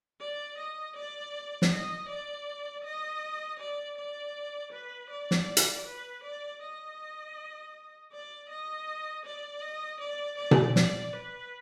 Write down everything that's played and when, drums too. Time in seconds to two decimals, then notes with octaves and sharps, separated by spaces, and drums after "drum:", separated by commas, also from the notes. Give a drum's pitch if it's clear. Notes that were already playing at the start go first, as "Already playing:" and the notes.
0.20 D5
0.58 D#5
0.96 D5
1.62 drum: snare
1.71 D#5
2.09 D5
2.85 D#5
3.60 D5
3.98 D5
4.73 B4
5.10 D5
5.31 drum: snare
5.57 drum: hi-hat
5.86 B4
6.24 D5
6.61 D#5
8.12 D5
8.49 D#5
9.25 D5
9.62 D#5
10.00 D5
10.38 D5
10.51 drum: tom B2
10.76 D5, drum: snare
11.13 B4